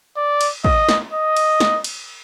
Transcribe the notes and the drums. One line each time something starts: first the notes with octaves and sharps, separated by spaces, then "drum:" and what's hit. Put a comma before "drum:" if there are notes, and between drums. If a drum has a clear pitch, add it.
D5
drum: cymbal
D#5, drum: kick
drum: snare
D#5
drum: cymbal
drum: snare
drum: cymbal